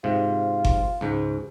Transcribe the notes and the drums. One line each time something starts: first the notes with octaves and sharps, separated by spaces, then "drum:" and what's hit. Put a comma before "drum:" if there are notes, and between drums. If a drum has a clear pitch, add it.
G#2 C3 F4
drum: kick G1
C#2 G#2